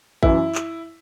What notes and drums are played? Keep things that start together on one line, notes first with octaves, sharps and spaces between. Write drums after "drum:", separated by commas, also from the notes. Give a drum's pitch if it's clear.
F#2 E3 E4, drum: kick A1
drum: clap